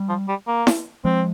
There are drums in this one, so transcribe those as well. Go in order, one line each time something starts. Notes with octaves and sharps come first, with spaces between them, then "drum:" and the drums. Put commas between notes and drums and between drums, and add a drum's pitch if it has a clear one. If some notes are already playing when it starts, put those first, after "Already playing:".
Already playing: G3
F3
G3
A#3
drum: snare E4
F3 G#3 C4